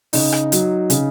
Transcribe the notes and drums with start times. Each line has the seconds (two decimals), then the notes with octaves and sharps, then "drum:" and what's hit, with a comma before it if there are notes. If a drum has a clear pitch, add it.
0.13 C#3 D#4, drum: open hi-hat
0.32 drum: rim click
0.52 F#3, drum: hi-hat
0.90 C#3, drum: hi-hat